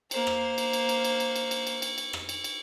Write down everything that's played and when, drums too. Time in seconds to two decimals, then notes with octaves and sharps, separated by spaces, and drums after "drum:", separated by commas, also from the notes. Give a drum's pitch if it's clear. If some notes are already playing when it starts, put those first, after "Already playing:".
0.11 A#3 C5, drum: cymbal
0.27 drum: rim click
0.58 drum: cymbal
0.73 drum: cymbal
0.89 drum: cymbal
1.04 drum: cymbal
1.20 drum: cymbal
1.36 drum: cymbal
1.51 drum: cymbal
1.67 drum: cymbal
1.82 drum: cymbal
1.98 drum: cymbal
2.13 drum: rim click
2.29 drum: cymbal
2.44 drum: cymbal